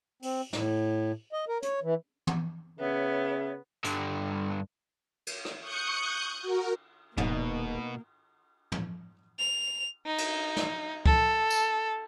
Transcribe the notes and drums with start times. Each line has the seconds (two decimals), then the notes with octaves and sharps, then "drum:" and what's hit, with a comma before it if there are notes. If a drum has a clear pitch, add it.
0.22 C4, drum: open hi-hat
0.53 A2, drum: snare
1.33 D#5
1.49 A#4
1.63 C#5, drum: hi-hat
1.83 E3
2.27 drum: tom
2.79 C#3 B3 C#5 E5
3.84 G2 D3, drum: hi-hat
5.27 drum: cymbal
5.45 drum: rim click
5.60 C#6 D#6 F#6 G6 C#7
6.42 F#4 A#4
7.17 D#1 B2 A#3 D#4, drum: tom
8.72 drum: tom
9.39 F7
10.06 D#4
10.18 drum: cymbal
10.56 drum: snare
11.06 A4, drum: kick C#2
11.50 drum: tambourine